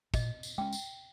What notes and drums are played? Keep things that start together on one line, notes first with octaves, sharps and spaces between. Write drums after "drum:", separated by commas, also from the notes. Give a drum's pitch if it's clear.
A#2 D#5, drum: kick, tambourine
drum: tambourine
G#3 C#4 G5
drum: tambourine